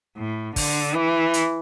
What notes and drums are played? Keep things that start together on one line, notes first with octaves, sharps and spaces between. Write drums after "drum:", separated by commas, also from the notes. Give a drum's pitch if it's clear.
A2
D3, drum: kick, open hi-hat
E3
drum: hi-hat